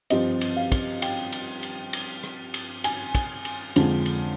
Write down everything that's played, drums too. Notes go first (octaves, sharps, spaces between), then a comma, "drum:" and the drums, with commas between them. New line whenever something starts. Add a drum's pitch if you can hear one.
G2 F3 C4 D#5, drum: cymbal
drum: cymbal
F5
drum: kick, cymbal
G5, drum: cymbal
drum: cymbal
drum: cymbal
drum: cymbal
drum: rim click
drum: cymbal
G#5, drum: cymbal
drum: kick, cymbal
drum: cymbal
F2 D3 F3 G#3, drum: cymbal
drum: cymbal